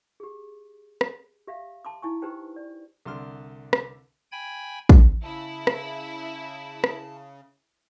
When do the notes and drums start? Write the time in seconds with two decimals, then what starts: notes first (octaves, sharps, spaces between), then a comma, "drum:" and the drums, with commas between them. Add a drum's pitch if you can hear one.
0.20 G4 G#4
1.01 drum: rim click
1.47 G4 E5 F5
1.85 A5 C6 D6
2.02 D#4 E4 G#5 C#6
2.22 D#4 G4 B4 C5 G5
2.56 D5
3.05 C2 D3 C6 F6
3.73 drum: rim click
4.32 G5 G#5 B5 G#6
4.89 drum: kick
5.24 C#3 E4 A5
5.67 drum: rim click
6.84 drum: rim click